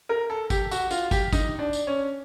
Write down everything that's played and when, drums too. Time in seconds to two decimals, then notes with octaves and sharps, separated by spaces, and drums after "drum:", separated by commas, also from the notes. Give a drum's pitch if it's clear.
0.09 A#4
0.30 A4
0.50 G4, drum: kick, tambourine
0.71 F#4, drum: tambourine
0.91 F4, drum: tambourine
1.11 G4, drum: kick, tambourine
1.33 D#4, drum: kick, tambourine
1.59 D4
1.73 drum: tambourine
1.87 C#4